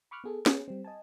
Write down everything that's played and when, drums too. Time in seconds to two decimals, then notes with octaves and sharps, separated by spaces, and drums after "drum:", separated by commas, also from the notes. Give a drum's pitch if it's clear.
0.11 B5 C#6 D6 F6 F#6
0.24 B3 G#4 A4
0.46 B3 C#4 G#4, drum: snare
0.68 G3 C4
0.84 D#5 G#5 A5